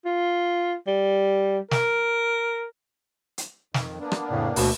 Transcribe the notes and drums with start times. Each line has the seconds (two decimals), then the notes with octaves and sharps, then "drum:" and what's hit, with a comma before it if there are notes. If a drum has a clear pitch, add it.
0.05 F4
0.87 G3
1.71 A#4, drum: snare
3.38 drum: hi-hat
3.74 F2 D#3, drum: snare
4.00 A#3 B3 D4
4.12 drum: rim click
4.31 F2 A2 C#3
4.56 D2 B2, drum: open hi-hat